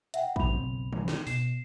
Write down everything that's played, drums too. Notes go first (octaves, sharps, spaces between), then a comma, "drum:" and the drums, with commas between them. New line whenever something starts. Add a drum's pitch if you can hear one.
E5 F#5 G5, drum: hi-hat
C2 G#2 F#3 B5 F7, drum: kick
F#1 B1 C4
drum: tom D3
drum: snare
B2 C7 E7, drum: open hi-hat